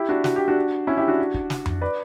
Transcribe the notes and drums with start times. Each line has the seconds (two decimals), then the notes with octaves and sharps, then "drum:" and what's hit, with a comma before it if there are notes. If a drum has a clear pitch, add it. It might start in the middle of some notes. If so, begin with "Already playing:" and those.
Already playing: E4 G4
0.09 D4 F#4
0.24 F#4, drum: snare
0.36 G4
0.48 D4 F#4
0.87 C#4 E4
0.97 E4 G4
1.08 D4 F#4
1.34 drum: kick
1.50 drum: snare
1.66 drum: tom F2
1.81 B4 D5